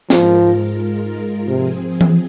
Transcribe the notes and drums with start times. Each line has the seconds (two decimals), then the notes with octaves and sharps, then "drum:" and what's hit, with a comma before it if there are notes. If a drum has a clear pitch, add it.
0.10 G#2 F3 G#3 F4 A#4, drum: snare
1.48 C3 F3 C4 G#4
2.01 drum: tom E3